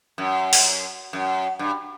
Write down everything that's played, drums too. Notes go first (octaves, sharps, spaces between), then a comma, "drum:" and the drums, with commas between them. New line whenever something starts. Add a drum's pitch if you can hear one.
F#2
drum: open hi-hat
F#2
G2